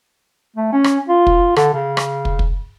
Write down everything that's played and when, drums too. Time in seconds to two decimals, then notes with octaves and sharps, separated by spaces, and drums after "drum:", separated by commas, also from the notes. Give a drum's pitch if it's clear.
0.56 A3
0.72 C#4
0.84 drum: rim click
1.08 F4
1.27 drum: kick
1.56 D3, drum: rim click
1.74 C#3
1.97 drum: rim click
2.25 drum: kick
2.39 drum: kick